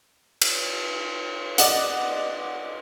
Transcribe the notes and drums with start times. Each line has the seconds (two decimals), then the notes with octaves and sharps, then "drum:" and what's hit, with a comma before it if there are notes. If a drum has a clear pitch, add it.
0.42 drum: cymbal
1.58 D5 D#5 F#5, drum: hi-hat